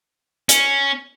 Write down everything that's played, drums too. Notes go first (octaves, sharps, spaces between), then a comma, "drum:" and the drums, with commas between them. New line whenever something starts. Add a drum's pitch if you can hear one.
C#4, drum: hi-hat